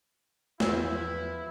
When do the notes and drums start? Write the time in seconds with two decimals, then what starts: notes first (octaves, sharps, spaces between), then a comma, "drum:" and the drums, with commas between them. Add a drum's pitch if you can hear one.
0.60 E2 F3 E4, drum: snare